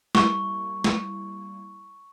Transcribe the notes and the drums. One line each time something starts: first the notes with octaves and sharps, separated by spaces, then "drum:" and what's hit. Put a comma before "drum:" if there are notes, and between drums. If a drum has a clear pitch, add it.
G3 A#3 E4 C#6, drum: snare
drum: snare